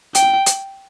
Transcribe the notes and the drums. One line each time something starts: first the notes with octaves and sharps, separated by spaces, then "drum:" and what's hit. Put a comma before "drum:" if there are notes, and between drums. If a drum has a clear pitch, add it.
G5, drum: hi-hat
drum: hi-hat